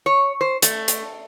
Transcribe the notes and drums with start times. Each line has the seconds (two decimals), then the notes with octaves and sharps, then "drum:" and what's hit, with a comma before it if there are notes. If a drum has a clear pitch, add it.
0.06 C#5
0.41 C5
0.62 A3, drum: hi-hat
0.88 drum: hi-hat